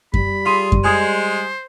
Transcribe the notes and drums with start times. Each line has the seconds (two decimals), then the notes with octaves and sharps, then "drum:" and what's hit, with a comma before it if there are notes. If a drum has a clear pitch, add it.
0.14 G3 B5, drum: kick F#2
0.46 F4 G#4 C6 D#7
0.72 drum: kick F#2
0.84 G#3 C5 G#5 D#6 G#6